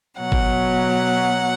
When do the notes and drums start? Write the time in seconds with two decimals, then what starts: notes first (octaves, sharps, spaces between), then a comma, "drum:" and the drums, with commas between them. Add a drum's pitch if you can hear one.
0.20 B2 F#3 F#5
0.32 drum: kick G#1